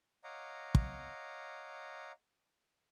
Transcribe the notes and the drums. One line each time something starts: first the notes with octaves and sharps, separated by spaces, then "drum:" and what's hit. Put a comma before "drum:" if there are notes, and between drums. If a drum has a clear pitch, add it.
C#5 D#5 F5 F#5 A#5 D6
drum: kick